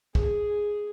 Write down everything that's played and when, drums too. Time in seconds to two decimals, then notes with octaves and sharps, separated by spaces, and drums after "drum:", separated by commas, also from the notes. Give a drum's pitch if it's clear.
0.15 G#4, drum: kick